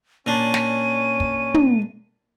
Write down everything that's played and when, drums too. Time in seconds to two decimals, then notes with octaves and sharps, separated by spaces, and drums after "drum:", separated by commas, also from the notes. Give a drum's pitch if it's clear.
0.26 A#2 C#4 D4 D#7
0.54 drum: snare
1.20 drum: kick
1.54 drum: tom